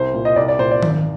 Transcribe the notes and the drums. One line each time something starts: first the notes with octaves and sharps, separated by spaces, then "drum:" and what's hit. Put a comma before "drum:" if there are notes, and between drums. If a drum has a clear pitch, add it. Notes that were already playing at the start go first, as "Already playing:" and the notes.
Already playing: C2 C5
A#2
D#5
C2 D5
D5
A#2 C5
D5
G#1, drum: tom D#3